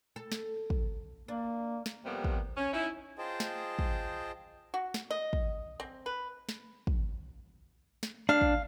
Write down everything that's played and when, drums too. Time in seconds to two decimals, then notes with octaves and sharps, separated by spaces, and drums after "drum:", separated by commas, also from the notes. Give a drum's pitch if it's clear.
0.16 A4
0.32 drum: snare
0.70 drum: kick
1.28 A#3 D4
1.86 drum: snare
2.05 F2 C3 G3 A#3 B3
2.24 drum: kick
2.57 C#4
2.73 C#4 D#4 E4
3.18 F4 G#4 C5 D#5 G5 A5
3.40 drum: snare
3.79 drum: kick
4.74 F#4
4.94 drum: snare
5.11 D#5
5.33 drum: kick
5.80 C4
6.06 B4
6.49 drum: snare
6.87 drum: kick
8.03 drum: snare
8.29 D4 F5
8.41 drum: kick